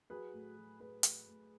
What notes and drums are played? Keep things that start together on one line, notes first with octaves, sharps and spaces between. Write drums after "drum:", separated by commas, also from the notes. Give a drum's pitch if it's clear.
F#3 G#4 B4
A2
F#3
A2 G#4 B4
F#3, drum: hi-hat
A2